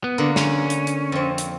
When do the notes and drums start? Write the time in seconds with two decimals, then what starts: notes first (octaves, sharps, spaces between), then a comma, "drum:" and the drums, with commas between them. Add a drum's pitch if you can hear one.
0.04 B3
0.18 D3 A#3
0.36 C#4, drum: snare
0.70 drum: hi-hat
0.87 drum: hi-hat
1.12 F2 C4
1.38 drum: hi-hat